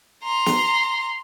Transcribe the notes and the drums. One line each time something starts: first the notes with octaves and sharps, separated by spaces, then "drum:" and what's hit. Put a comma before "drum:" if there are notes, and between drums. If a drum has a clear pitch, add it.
A#5 C6
drum: snare